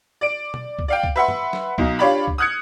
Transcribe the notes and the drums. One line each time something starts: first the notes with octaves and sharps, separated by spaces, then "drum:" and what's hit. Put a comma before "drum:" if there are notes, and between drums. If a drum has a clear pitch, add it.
D5 D7
drum: tom B2
drum: kick C2
D5 F5 G5
drum: kick C2
B4 E5 F#5 C6
drum: tom
drum: snare F#3
B1 D#4, drum: kick C2
D4 F4 G4 C#5 D5 B5
drum: kick C2
D#6 F6 F#6 G#6 C#7